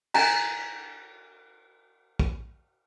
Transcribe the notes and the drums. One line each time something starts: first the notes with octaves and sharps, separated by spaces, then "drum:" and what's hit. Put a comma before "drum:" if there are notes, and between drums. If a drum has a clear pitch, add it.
G#5 A#5, drum: cymbal
drum: kick